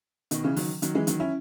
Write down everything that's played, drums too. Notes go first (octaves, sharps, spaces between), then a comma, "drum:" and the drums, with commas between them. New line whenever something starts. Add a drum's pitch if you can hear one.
B2 D#3, drum: hi-hat
C#3 E3
D#3 F#3, drum: open hi-hat
D#3 F#3, drum: hi-hat
E3 G#3
D#3 F#3, drum: hi-hat
C#4 E4